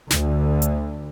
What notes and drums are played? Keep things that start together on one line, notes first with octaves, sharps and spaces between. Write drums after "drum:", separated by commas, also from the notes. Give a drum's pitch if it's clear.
D2 D3, drum: snare
drum: hi-hat